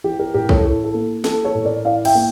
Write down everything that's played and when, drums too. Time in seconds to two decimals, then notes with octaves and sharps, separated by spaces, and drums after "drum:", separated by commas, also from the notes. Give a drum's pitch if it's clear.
0.04 E3 G4
0.19 G4 A#4
0.34 A2 G4 A#4
0.49 A4 C#5, drum: kick
0.64 E4 A4
0.84 A4
0.94 A#3
1.24 E3 A4, drum: snare
1.45 A4 C#5
1.55 A2
1.65 A#4 D5
1.85 E4 D5 F5
2.05 E5 G5, drum: cymbal
2.15 A#3